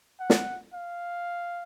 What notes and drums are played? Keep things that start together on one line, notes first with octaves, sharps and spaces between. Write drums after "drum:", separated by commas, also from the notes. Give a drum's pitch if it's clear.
F#5
drum: snare
F5